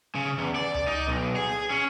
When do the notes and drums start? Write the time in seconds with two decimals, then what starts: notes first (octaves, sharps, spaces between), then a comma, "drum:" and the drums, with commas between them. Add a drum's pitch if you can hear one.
0.15 C#3
0.38 E2
0.56 D5
0.74 drum: tom C#2
0.87 D#4
1.07 B1
1.36 G#4
1.49 drum: snare E4
1.70 C#4